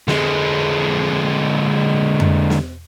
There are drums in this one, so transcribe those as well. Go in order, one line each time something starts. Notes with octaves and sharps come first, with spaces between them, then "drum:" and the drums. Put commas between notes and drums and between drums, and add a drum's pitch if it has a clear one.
D3 G#3, drum: snare
drum: tom F2
drum: snare